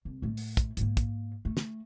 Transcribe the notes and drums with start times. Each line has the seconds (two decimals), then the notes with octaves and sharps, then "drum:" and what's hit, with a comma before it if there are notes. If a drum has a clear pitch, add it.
0.05 C2
0.22 A2 A3
0.37 drum: open hi-hat
0.57 drum: kick, hi-hat
0.77 G#2 A#3, drum: hi-hat
0.97 drum: kick, hi-hat
1.45 A3
1.57 drum: snare